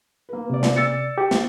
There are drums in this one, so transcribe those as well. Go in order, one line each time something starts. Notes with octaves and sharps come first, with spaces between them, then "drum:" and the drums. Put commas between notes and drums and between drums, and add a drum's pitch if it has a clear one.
A#3 B4
C3 D5
drum: snare
E6 A6 C#7
G4
drum: snare